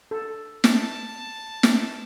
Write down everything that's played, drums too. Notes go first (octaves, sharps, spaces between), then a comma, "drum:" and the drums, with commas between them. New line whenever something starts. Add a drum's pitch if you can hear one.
A4
A5, drum: snare
drum: snare